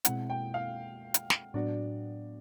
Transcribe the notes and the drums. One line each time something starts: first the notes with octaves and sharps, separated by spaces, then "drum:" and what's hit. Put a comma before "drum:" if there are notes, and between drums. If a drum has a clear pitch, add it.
B2 G#3 C4 E4 F#5, drum: hi-hat
G5
F5
drum: hi-hat
drum: snare
A2 F#3 B3 D4 F#4 D5